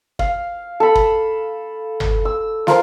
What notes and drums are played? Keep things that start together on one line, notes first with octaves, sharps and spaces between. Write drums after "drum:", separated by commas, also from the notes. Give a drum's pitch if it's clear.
F5, drum: kick
A4 B5
drum: kick
drum: tom G1
E6
F4 A#4 C5 A5, drum: snare